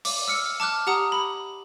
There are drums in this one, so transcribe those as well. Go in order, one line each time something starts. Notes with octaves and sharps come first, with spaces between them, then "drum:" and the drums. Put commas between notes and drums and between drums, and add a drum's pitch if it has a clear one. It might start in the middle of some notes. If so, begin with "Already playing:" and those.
D6, drum: open hi-hat
E6 F6 C#7
A5 D6 F6 F#6
G4 F#5 A#5 D#6
B5